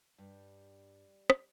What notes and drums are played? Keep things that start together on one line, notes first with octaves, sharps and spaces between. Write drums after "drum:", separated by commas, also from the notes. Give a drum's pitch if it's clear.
G2 G3
drum: rim click